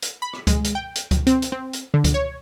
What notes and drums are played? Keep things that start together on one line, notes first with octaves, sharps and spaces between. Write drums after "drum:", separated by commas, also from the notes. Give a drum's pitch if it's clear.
drum: hi-hat
B5
drum: rim click
G#3, drum: kick C#2, hi-hat
drum: hi-hat
G5
drum: hi-hat
drum: kick C#2, hi-hat
C4, drum: hi-hat
drum: hi-hat
C4
drum: hi-hat
D3
drum: kick C#2, hi-hat
C#5